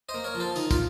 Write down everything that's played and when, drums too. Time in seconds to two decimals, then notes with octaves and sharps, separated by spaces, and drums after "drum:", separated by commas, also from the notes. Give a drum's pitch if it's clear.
0.09 C5 D#5
0.14 A#3
0.24 A#4 C#5
0.35 F3
0.40 A4 C5
0.56 D#3 D#4, drum: tambourine
0.71 F4, drum: kick, tambourine